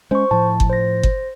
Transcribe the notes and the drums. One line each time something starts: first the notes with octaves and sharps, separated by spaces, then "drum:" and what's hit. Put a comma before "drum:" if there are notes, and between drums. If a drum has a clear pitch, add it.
G#3 C#4 C5 C#6
A2 F3 A5
drum: kick G1
C5 A#6
drum: kick G1